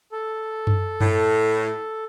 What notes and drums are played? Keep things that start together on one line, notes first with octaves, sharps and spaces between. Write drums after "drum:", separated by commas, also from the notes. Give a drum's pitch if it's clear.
A4
drum: tom F#2
A2, drum: tom F#2